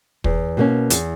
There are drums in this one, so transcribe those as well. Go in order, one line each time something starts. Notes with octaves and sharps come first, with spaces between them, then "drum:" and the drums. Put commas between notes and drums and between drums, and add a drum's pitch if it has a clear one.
E2, drum: kick
B2 A#3 C#4
E2, drum: hi-hat